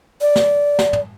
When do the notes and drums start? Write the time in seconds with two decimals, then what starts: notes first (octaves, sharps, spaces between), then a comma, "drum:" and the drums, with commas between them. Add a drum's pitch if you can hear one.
0.21 D5
0.36 drum: snare
0.79 drum: snare
0.93 drum: tom